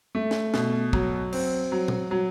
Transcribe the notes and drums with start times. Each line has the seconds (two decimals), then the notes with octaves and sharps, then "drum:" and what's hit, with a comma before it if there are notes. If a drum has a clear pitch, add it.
0.15 A3
0.31 drum: snare
0.54 B2, drum: snare
0.93 F#3, drum: kick
1.33 C4, drum: cymbal
1.72 F#3
1.88 drum: tom A#2
2.11 F#3